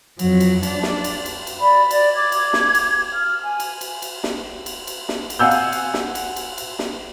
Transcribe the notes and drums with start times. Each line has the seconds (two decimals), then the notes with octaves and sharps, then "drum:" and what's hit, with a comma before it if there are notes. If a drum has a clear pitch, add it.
0.19 F2 F#3, drum: cymbal
0.40 drum: cymbal
0.63 D4, drum: cymbal
0.83 drum: snare
1.04 drum: cymbal
1.26 drum: cymbal
1.47 drum: cymbal
1.59 D5 B5
1.91 D5, drum: cymbal
2.14 D6 G#6
2.32 drum: cymbal
2.53 drum: snare
2.75 drum: cymbal
3.11 F6
3.43 G#5
3.60 drum: cymbal
3.81 drum: cymbal
4.02 drum: cymbal
4.24 drum: snare
4.66 drum: cymbal
4.87 drum: cymbal
5.09 drum: snare
5.30 drum: cymbal
5.39 F5 F#5 G#5 E6 G6
5.51 drum: cymbal
5.73 drum: cymbal
5.94 drum: snare
6.15 drum: cymbal
6.36 drum: cymbal
6.58 drum: cymbal
6.79 drum: snare